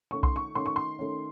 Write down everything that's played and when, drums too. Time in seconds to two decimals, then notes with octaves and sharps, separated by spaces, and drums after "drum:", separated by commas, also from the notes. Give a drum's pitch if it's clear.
0.11 D#3 A3 C#4 C#6
0.23 C6, drum: kick B1
0.36 C#6
0.55 D#3 A3 C#4 C6
0.66 C#6
0.76 C6
0.99 D#3 A3 C#4